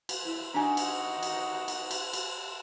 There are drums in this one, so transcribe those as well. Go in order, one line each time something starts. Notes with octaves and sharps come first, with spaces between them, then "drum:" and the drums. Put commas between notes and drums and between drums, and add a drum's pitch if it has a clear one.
drum: cymbal
E4
D4 D#4 F#4 G#5
drum: cymbal
drum: cymbal
drum: cymbal
drum: cymbal
drum: cymbal